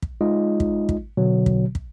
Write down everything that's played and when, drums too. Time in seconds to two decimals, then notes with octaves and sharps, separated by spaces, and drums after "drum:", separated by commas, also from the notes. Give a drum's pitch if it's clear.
0.02 drum: kick
0.21 G#3 D#4 F4 D#5
0.60 drum: kick
0.89 drum: kick
1.17 B2 D3 F#3
1.46 drum: kick
1.75 drum: kick